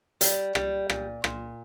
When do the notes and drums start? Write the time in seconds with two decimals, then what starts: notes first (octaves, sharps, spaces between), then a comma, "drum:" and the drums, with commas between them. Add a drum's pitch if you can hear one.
0.21 G3, drum: hi-hat
0.55 G3, drum: rim click
0.90 A#2, drum: rim click
1.24 A#2, drum: rim click